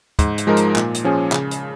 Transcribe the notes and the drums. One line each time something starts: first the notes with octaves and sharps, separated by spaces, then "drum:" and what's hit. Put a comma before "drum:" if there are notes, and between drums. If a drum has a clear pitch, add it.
G#2, drum: kick, hi-hat
drum: hi-hat
F3 G#3 D#4 A#4
drum: hi-hat
A#2, drum: clap
drum: hi-hat
F3 C#4 G#4
C#3, drum: clap
drum: hi-hat